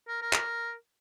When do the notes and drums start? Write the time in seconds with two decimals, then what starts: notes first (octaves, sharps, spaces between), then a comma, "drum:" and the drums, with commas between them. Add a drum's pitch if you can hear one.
0.08 A#4
0.22 A#4
0.33 drum: clap